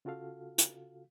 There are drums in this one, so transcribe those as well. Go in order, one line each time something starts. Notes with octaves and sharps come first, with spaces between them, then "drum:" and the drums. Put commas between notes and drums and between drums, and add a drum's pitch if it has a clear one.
C#3 F4 F#4 A4 F5
drum: hi-hat